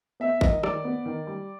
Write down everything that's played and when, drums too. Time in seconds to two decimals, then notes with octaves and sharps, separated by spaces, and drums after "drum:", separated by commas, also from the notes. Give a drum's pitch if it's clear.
0.20 B3 E5
0.41 D#3 D#5, drum: kick A1
0.63 D#3 D5, drum: rim click
0.84 B3
1.05 D#3
1.27 G3